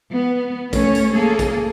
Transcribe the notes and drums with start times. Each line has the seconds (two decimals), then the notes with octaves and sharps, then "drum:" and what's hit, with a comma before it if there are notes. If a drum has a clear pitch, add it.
0.11 B3
0.73 A3 C#4 C#5, drum: kick, tambourine
0.95 drum: tambourine
1.13 A#3 G#4 A4
1.39 drum: kick, tambourine